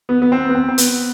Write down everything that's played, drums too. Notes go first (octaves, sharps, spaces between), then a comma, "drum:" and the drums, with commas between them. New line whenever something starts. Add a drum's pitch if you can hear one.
B3
B3
C4
B3
C4
C4
B3, drum: hi-hat